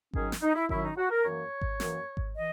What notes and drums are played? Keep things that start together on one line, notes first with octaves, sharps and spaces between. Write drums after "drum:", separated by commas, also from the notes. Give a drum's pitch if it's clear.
F#2 D#3 F#3 C#4 G#4, drum: kick G#1
drum: snare
D#4
E4
F#2 D#3 F#3 C#4 E4, drum: kick G#1
D#4
F#4
A#4
F#2 E3 A#3 C#5
drum: kick G#1
F#2 E3 A#3, drum: snare
drum: kick G#1
E3 D#5